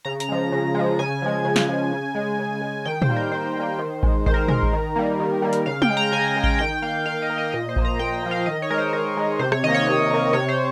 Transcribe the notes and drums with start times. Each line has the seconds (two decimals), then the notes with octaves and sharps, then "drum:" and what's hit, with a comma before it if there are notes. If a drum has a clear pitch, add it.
0.05 C#3 A#5
0.20 A#5, drum: hi-hat
0.29 F3 G#3
0.52 C#3
0.75 F3 G#3
0.99 C#3 G#5
1.22 F3 G#3
1.45 C#3
1.56 drum: snare
1.68 F3 G#3
1.93 C#3
2.15 G#3
2.39 C#3
2.62 G#3
2.85 D#3 G5
3.02 C5, drum: tom
3.09 G3 A#3
3.16 A#4
3.32 D#3 C5
3.56 G3 A#3
3.79 D#3
4.03 G#3, drum: kick A1
4.26 D#3 C5, drum: kick A1
4.34 A#4
4.48 G#3 A#4, drum: tom
4.63 drum: kick A1
4.73 D#3
4.96 G3 A#3
5.20 D#3
5.42 G3 A#3
5.53 drum: hi-hat
5.66 C#3 F5
5.82 G5, drum: tom
5.90 G#3
5.97 A#5
6.12 C#3 G#5
6.28 G#5
6.36 G#3
6.44 G5, drum: kick A1
6.59 D#3 G5
6.82 A#3 F5
7.06 D#3 F5
7.22 D#5
7.30 A#3
7.38 D#5
7.52 A#2 D#5
7.69 C5
7.76 F3 A#3, drum: kick A1
7.85 A#5
7.99 A#2 G5
8.22 F3 A#3
8.31 F5
8.46 D#3 D#5
8.62 C#5
8.70 G#3 A#4
8.78 C5
8.93 D#3 A#4
9.17 G#3
9.39 C3 C5
9.52 C#5, drum: rim click
9.63 D#3 A#3 D#5
9.74 C#5
9.87 C3
10.11 D#3 A#3
10.33 C3 C#5
10.48 C5